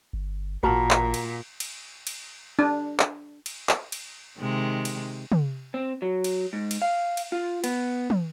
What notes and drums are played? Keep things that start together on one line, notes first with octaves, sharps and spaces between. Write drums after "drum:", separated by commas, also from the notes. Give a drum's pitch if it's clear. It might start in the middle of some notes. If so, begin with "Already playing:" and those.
G1
A1 A#2 F#4 A#4 A5 B5
drum: clap
drum: cymbal
drum: cymbal
drum: cymbal
D4
drum: clap
drum: cymbal
drum: clap
drum: cymbal
C3 D#3 G#3
drum: cymbal
drum: tom
C4
F#3
drum: cymbal
G#2
drum: cymbal
F5
drum: cymbal
F4
B3, drum: cymbal
drum: tom